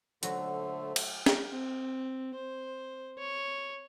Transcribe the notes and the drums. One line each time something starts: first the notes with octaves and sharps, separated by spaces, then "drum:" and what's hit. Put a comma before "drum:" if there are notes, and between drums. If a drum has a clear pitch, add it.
A#2 D3 F#3 A3 F#4 C5, drum: hi-hat
drum: cymbal
drum: snare
C4
C5
C#5